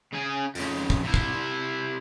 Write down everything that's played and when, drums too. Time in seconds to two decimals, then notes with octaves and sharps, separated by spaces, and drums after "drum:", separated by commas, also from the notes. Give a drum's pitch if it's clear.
0.13 C#3 G#4
0.55 F2 C#3, drum: open hi-hat
0.90 drum: kick
1.03 C3 E4
1.14 drum: kick